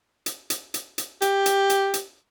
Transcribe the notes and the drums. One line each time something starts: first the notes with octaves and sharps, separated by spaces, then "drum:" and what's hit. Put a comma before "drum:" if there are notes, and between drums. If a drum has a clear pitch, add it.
drum: hi-hat
drum: hi-hat
drum: hi-hat
drum: hi-hat
G4, drum: hi-hat
drum: hi-hat
drum: hi-hat
drum: hi-hat